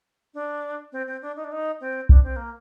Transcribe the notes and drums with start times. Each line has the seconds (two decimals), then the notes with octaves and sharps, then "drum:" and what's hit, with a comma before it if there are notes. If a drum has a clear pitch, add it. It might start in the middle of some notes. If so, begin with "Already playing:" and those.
0.34 D4
0.92 C4
1.07 C4
1.22 D4
1.36 D#4
1.44 D4
1.52 D#4
1.80 C4
2.09 D4, drum: kick B1
2.23 C4
2.36 A#3